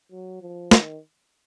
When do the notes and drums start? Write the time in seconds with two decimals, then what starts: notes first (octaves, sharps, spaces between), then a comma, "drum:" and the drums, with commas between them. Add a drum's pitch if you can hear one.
0.11 F#3
0.41 F3
0.71 D#3, drum: snare